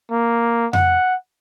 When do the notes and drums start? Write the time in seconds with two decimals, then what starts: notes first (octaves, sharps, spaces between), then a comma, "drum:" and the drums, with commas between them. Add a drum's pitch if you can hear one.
0.11 A#3
0.73 F#5, drum: tom F2